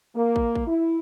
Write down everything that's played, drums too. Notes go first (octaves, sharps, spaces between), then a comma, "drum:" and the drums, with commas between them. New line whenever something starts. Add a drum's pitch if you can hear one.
A#3
drum: kick
drum: kick
E4